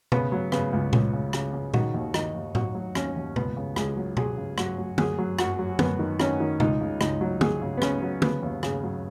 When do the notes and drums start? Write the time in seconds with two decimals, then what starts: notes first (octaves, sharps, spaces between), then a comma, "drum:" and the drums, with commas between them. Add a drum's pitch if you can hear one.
0.12 C#3 B3, drum: tom
0.32 F#3
0.52 C#3 B3, drum: rim click
0.73 C#2
0.93 C#2, drum: tom A#2
1.13 C#3
1.33 C#3, drum: rim click
1.53 C#3
1.74 D#3 F#4, drum: tom A#2
1.94 D#2
2.14 D#3 D#4, drum: rim click
2.35 D#2
2.55 F#3 F#4, drum: tom A2
2.75 F#3
2.95 D#2 C#4, drum: rim click
3.16 D#2
3.36 C#2 B3, drum: tom
3.56 C#3
3.76 C#2 G#4, drum: rim click
3.97 F#3
4.17 F#3 G#4, drum: tom
4.37 C#3
4.58 F#3 F#4, drum: rim click
4.78 F#3
4.98 F#2 G#4, drum: tom
5.18 F#3
5.39 F#2 F#4, drum: rim click
5.59 F#3
5.79 F#2 B3, drum: tom
5.99 D#3
6.20 D#3 C#4, drum: rim click
6.40 D#3
6.60 C#2 D#4, drum: tom
6.80 C#3
7.01 C#2 D#4, drum: rim click
7.21 F#3
7.41 F#3 G#4, drum: tom
7.62 C#3
7.77 B3
7.82 C#3 C#4, drum: rim click
8.02 F#3
8.22 C#3 B3, drum: tom
8.43 D#2
8.63 C#3 G#4, drum: rim click
8.83 F#3